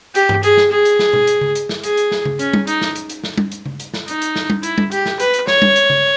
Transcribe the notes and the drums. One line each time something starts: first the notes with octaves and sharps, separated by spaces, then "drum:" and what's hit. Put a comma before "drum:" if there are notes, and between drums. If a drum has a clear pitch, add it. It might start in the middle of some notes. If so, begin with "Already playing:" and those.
G4, drum: hi-hat
drum: tom G2
G#4, drum: hi-hat
drum: snare
G#4
drum: hi-hat
drum: snare
drum: tom B2
drum: hi-hat
drum: tom C#3
drum: hi-hat
drum: snare
G#4, drum: hi-hat
drum: hi-hat
drum: snare
drum: tom C#3
C#4, drum: hi-hat
drum: tom G3
D#4, drum: hi-hat
drum: snare
drum: hi-hat
drum: hi-hat
drum: snare
drum: tom G3
drum: hi-hat
drum: tom C#3
drum: hi-hat
drum: snare
D#4, drum: hi-hat
drum: hi-hat
drum: snare
drum: tom G3
E4, drum: hi-hat
drum: tom G3
G4, drum: hi-hat
drum: snare
B4, drum: hi-hat
drum: hi-hat
C#5, drum: snare
drum: tom G3
drum: hi-hat
drum: tom C#3